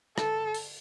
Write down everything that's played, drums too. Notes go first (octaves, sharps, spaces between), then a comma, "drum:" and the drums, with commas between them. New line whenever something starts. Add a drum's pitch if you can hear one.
A4, drum: rim click
drum: open hi-hat